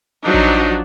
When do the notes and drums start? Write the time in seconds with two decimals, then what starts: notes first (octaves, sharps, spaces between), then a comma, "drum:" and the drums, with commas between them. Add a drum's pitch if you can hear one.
0.24 F3 F#3 D4 D#4
0.34 drum: kick A1